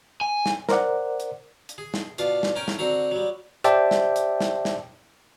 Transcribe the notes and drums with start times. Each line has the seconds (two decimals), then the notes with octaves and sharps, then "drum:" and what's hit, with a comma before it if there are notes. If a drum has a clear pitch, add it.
0.21 G#5
0.46 drum: snare
0.69 A#4 C5 D5 F#5, drum: snare
1.20 drum: hi-hat
1.69 drum: hi-hat
1.78 G#4
1.94 drum: snare
2.18 B2 D4 F4, drum: hi-hat
2.43 drum: snare
2.56 C#4 A#4 G5 G#5
2.68 drum: snare
2.79 D3 C4 F#4 A#5
3.11 F#3 G3
3.64 G4 C5 D5 E5 G5 A5, drum: hi-hat
3.91 drum: snare
4.16 drum: hi-hat
4.40 drum: snare
4.65 drum: snare